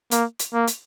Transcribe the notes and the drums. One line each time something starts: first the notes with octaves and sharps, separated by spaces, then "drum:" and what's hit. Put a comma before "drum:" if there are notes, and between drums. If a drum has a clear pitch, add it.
A#3, drum: hi-hat
drum: hi-hat
A#3
drum: hi-hat